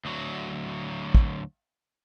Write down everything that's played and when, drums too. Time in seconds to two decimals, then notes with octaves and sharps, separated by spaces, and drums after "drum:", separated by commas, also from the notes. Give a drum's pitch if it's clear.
0.05 D2 F#3
1.15 drum: kick